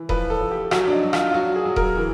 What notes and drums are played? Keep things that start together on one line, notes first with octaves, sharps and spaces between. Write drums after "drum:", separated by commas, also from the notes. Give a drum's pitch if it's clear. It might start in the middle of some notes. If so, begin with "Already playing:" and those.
Already playing: E3
F3 B4, drum: kick D#1
A4
F3
G4
F#3 F#4, drum: rim click
D4
D#4
F#3
F4, drum: rim click
F4
F#3 F#4
G#4
F#3
A#4, drum: kick D#1
E3